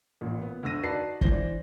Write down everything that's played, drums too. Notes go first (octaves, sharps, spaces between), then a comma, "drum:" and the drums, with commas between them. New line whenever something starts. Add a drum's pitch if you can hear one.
A1 A#2
B3
D2 D3 E6 A#6 D#7
D#4 F#4 B4 D5 A5 C7
E3 D4 C5 A#6 G7, drum: kick